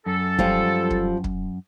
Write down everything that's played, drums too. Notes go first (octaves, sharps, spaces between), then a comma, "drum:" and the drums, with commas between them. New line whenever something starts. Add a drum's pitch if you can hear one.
F#2 A4
F3 G3 F4, drum: kick
drum: kick
drum: kick